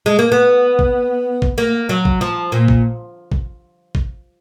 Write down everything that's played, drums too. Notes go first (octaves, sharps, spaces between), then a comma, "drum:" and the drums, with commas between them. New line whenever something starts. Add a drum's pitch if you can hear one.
G#3
A#3
B3
drum: kick
drum: kick
A#3
F#3
drum: kick
F3
A#2
drum: kick
drum: kick
drum: kick